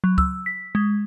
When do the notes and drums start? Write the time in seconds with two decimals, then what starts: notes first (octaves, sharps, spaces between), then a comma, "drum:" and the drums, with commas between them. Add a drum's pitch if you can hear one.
0.04 F#3
0.18 E6, drum: kick
0.46 B6
0.75 G#3